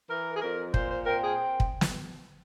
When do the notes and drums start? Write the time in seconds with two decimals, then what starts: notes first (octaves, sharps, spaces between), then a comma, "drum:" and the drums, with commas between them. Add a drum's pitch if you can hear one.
0.09 E3 A#4
0.37 G#4
0.42 F2 A#4
0.74 A#2 C5, drum: kick
0.91 C5
1.06 C4 A#4
1.23 G#4
1.60 drum: kick
1.81 drum: snare